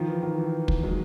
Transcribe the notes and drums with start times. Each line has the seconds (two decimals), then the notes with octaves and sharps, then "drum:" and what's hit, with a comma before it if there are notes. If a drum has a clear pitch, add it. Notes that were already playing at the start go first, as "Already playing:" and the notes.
Already playing: D#3 F3
0.08 E3
0.23 D#3
0.38 E3
0.68 drum: kick
0.83 F#3 G#3